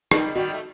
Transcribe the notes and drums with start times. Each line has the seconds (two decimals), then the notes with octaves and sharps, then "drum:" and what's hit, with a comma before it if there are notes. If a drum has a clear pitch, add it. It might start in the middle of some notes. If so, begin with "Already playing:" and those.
0.11 D#3 G3 D#4, drum: rim click
0.35 D#3 G3 F#4
0.54 A3